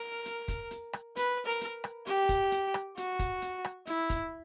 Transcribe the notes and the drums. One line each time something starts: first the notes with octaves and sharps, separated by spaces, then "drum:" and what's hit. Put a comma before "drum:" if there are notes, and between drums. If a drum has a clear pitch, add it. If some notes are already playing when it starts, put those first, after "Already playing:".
Already playing: A#4
drum: hi-hat
drum: kick, hi-hat
drum: hi-hat
drum: rim click
B4, drum: hi-hat
A#4
drum: hi-hat
drum: rim click
G4, drum: hi-hat
drum: kick, hi-hat
drum: hi-hat
drum: rim click
F#4, drum: hi-hat
drum: kick, hi-hat
drum: hi-hat
drum: rim click
E4, drum: hi-hat
drum: kick, hi-hat